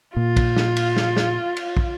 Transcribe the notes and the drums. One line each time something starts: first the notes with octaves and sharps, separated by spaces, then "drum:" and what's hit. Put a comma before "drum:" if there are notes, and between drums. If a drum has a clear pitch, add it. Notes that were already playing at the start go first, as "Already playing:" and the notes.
A#2 F4
drum: kick, cymbal
drum: snare
drum: cymbal
drum: snare
drum: snare
drum: cymbal
drum: kick